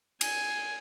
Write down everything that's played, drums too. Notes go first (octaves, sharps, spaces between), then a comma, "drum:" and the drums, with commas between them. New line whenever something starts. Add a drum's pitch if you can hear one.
G#5, drum: cymbal